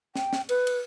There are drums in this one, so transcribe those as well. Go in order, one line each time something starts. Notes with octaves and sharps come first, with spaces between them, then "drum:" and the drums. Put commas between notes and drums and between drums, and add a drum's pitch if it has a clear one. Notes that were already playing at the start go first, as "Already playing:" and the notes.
G5, drum: snare
drum: snare
B4, drum: cymbal
drum: cymbal